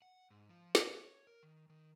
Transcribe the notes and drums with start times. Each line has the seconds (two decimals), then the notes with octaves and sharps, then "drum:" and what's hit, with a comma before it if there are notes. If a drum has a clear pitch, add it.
0.02 F#5
0.30 G#2
0.49 F3
0.75 D4, drum: snare
0.92 C#5
1.27 A#4
1.43 D#3
1.70 D#3